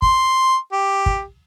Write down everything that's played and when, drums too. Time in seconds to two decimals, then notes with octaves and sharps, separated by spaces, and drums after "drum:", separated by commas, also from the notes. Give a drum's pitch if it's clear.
0.02 C6, drum: kick
0.72 G4
1.06 drum: kick